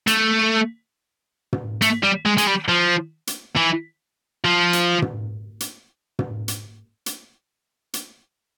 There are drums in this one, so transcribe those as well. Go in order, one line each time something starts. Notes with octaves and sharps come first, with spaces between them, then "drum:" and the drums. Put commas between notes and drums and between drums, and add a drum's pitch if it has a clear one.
A3, drum: hi-hat
drum: tom
A3, drum: hi-hat
G3
G#3
G#3, drum: hi-hat
G3
F3
drum: hi-hat
E3
F3
drum: hi-hat
drum: tom
drum: hi-hat
drum: tom
drum: hi-hat
drum: hi-hat
drum: hi-hat